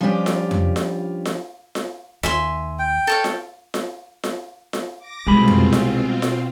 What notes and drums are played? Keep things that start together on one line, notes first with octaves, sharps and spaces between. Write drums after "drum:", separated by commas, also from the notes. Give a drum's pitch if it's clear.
F3 G3 C#4 D4 F4 G4
drum: snare F4
drum: tom F2
drum: snare F4
drum: snare F4
drum: snare F4
D#2 E5 G#5 C6, drum: snare F4
G5
A4 C#5 F5
drum: snare F4
drum: snare F4
drum: snare F4
drum: snare F4
D6 A#6
C2 B2 G3 G#3 C4 F4 G#4 B5
drum: tom F2
drum: snare F4
drum: snare F4